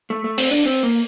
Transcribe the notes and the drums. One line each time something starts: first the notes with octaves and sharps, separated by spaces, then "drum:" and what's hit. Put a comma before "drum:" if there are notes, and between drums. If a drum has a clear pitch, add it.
A3
A3
C4, drum: open hi-hat
D4
C4
A#3